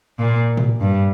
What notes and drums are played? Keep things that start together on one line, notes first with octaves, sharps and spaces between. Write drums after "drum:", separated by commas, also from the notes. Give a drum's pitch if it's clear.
A#2
drum: tom A2
G2